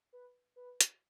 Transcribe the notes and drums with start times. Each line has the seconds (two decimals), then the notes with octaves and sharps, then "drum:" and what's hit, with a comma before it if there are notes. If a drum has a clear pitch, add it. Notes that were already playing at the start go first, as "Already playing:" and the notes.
0.13 B4
0.56 B4
0.81 drum: hi-hat